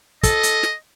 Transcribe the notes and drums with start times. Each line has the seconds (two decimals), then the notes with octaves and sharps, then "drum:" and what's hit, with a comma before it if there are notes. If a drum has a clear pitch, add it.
0.23 A4 D#5, drum: kick, hi-hat
0.43 drum: hi-hat
0.63 drum: snare